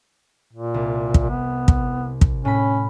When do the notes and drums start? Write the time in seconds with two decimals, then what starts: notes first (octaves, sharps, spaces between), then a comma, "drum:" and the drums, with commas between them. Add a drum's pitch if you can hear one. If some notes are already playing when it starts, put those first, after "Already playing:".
0.53 A#2
0.74 C2
1.14 drum: kick
1.30 B3
1.68 drum: kick
2.21 drum: kick
2.45 A2 C#4 B5